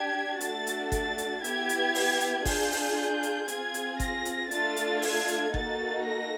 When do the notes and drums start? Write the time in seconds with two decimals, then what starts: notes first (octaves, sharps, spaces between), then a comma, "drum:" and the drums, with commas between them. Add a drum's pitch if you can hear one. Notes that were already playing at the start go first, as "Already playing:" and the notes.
Already playing: D4 G4 G#6
0.40 A3 D4 F#4 A4 A6, drum: hi-hat
0.67 drum: hi-hat
0.92 A6, drum: kick G1, hi-hat
1.18 drum: hi-hat
1.44 B3 E4 G4 G#6, drum: hi-hat
1.69 drum: hi-hat
1.95 drum: open hi-hat
2.20 drum: hi-hat
2.45 D4 F4 G#4 G6, drum: kick G1, open hi-hat
2.72 drum: open hi-hat
2.97 G6
3.23 drum: hi-hat
3.48 C4 F4 G#4 G#6, drum: hi-hat
3.74 drum: hi-hat
4.00 A#6, drum: kick G1, hi-hat
4.25 drum: hi-hat
4.51 A3 D4 F4 A4 A6, drum: hi-hat
4.76 drum: hi-hat
5.02 G#6, drum: open hi-hat
5.28 drum: hi-hat
5.54 A#3 D#4 F#4 A4 A6, drum: kick G1
6.04 A#6